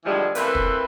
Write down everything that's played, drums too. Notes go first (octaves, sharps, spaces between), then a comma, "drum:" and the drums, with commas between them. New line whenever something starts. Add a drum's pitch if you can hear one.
A2 D3 E3 F3 G3 G#3
E3 A3 A#3 C4 B4, drum: hi-hat
drum: kick